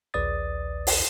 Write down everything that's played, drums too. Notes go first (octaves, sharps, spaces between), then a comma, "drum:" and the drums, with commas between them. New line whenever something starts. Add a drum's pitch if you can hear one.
A#1 D#2 B4 D5 D#6 A6
drum: open hi-hat